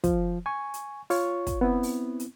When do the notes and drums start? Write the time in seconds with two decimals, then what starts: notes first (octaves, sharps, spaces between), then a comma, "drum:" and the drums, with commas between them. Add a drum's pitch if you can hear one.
0.04 F3, drum: kick, hi-hat
0.46 G#5 C#6
0.74 drum: hi-hat
1.10 F4 C#5 C#6, drum: open hi-hat
1.47 drum: kick, hi-hat
1.61 B3 C4 E4
1.83 drum: open hi-hat
2.20 drum: hi-hat